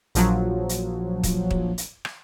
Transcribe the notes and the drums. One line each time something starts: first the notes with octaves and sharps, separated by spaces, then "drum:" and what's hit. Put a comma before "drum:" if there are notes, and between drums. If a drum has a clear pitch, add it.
A#1 F3 F#3, drum: hi-hat
drum: hi-hat
drum: kick, hi-hat
drum: kick
drum: hi-hat
drum: rim click